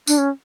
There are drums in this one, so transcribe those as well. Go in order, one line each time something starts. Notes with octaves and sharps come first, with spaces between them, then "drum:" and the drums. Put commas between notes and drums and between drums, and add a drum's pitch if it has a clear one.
D4, drum: tambourine
C#4